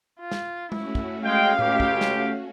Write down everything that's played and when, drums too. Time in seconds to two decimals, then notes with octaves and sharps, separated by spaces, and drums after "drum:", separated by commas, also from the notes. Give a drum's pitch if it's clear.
0.20 F4
0.32 drum: snare
0.72 A3 C#4 E4 F#4, drum: tom G#3
0.95 drum: kick
1.24 G#3 F5 G5
1.59 C#2 G4, drum: tom A2
1.80 drum: kick
2.01 drum: snare